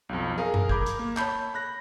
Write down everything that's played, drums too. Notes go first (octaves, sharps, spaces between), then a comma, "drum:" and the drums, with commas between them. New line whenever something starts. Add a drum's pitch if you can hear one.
B1 F2
G#4 A#4 F5
drum: tom F#2
A#4 B5 D6 G6 G#6, drum: kick
drum: hi-hat
A#3
C#5 A5 B5 G6, drum: clap
B5 F#6 A#6